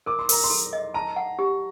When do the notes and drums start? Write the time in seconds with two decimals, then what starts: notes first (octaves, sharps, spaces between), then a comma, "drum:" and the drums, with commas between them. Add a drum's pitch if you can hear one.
0.06 A#4 D6
0.19 C6
0.29 A#4 A#5, drum: open hi-hat
0.44 C6
0.50 A4
0.73 D#5
0.94 A5 A#5
1.16 F#5
1.39 G4